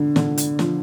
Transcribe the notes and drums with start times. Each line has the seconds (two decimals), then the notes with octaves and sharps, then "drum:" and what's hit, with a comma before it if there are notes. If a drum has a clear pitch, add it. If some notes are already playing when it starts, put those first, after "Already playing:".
Already playing: D3
0.16 D3, drum: snare
0.38 drum: hi-hat
0.59 F3, drum: snare